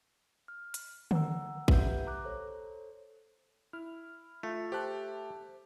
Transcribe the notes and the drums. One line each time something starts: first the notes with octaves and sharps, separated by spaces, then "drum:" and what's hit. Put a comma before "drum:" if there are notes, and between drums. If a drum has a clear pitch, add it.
F6
drum: hi-hat
F#5 A#5 E6, drum: tom D3
G4 B4 E5 F#5 G6, drum: kick A1
A#5 D6 F#6
A4 C5 C#5
E4 F6
A3 F4
G4 C5 A5 F#6